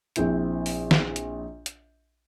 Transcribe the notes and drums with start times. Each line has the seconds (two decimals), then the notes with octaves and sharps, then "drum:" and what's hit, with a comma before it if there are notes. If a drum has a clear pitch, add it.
0.16 A#1 C4 E4 G6, drum: hi-hat
0.66 drum: open hi-hat
0.91 drum: snare
1.16 drum: hi-hat
1.66 drum: hi-hat